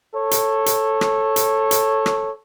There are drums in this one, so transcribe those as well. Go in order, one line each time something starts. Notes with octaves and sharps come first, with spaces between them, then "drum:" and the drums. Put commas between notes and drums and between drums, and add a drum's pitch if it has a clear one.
A4 C#5
drum: hi-hat
drum: hi-hat
drum: rim click
drum: hi-hat
drum: hi-hat
drum: rim click